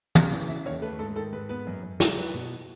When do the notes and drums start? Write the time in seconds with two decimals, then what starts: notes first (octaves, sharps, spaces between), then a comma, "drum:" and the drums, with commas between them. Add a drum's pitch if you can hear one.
0.15 C#3, drum: tom
0.31 E3
0.48 C#3 E5
0.65 D#2 C#5
0.82 A3 B4
0.99 G#2 A4
1.16 D#3 A4
1.33 G#2 B4
1.49 B3 B4
1.67 F#2
1.83 F#2
2.00 F#2, drum: snare
2.17 F#3 B4
2.34 B2